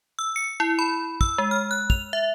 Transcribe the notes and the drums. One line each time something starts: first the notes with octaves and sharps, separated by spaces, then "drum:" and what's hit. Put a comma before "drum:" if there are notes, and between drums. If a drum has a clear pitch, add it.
E6
C#7
E4
B5
E6, drum: kick
G#3
F6
F#6
F7, drum: kick
E5